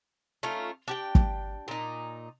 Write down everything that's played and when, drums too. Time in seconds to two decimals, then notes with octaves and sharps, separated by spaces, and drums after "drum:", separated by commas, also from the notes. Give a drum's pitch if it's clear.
0.43 A3 C#4 D#4 F4
0.88 D4 G4 G5
1.15 drum: kick
1.68 A#2 D#4